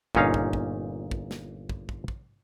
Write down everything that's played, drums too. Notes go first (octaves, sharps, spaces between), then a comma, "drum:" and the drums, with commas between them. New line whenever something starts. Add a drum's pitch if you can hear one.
G1 A#2 C#4 D#4 F5, drum: kick
drum: kick
drum: kick
drum: kick
drum: snare
drum: kick
drum: kick
drum: kick